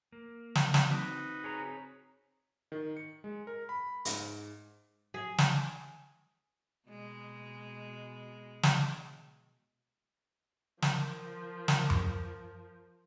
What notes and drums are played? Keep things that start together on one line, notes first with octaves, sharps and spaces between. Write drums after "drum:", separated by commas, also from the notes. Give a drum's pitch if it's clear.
A#3
drum: snare
F#3 C4 D4, drum: snare
C4 D#4 F#4 B4
G#4 C#5 A#5
D#3
C#7
G#3
A#4
B5
G#2, drum: hi-hat
G#4
drum: snare
B2 G#3
drum: snare
F3 A#4, drum: snare
drum: snare
drum: tom F#2